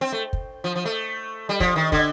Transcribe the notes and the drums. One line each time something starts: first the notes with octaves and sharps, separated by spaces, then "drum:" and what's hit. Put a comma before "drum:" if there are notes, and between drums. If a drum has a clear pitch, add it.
C4
A3
drum: kick
F3
F3
A3
G3
F3, drum: kick
D#3
D3, drum: kick